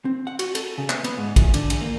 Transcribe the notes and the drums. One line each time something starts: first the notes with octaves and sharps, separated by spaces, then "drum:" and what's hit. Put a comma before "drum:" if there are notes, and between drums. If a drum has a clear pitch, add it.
C4
F#5
F#4, drum: cymbal
A4, drum: cymbal
C#3
B3, drum: clap
B3, drum: cymbal
G#2
E2, drum: kick A1, cymbal
D3, drum: cymbal
E2, drum: cymbal
A#3